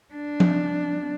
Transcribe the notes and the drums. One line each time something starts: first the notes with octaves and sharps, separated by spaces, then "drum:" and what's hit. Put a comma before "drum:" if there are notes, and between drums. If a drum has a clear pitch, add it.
D4
drum: tom F3